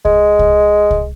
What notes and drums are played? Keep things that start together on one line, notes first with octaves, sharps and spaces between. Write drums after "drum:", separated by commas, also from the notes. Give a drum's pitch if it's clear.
G#3, drum: kick C2
drum: kick C2
drum: kick C2